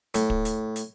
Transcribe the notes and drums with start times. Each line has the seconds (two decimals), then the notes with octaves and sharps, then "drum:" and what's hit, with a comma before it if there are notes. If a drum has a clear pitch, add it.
0.14 A2, drum: hi-hat
0.30 drum: kick
0.45 drum: hi-hat
0.76 drum: hi-hat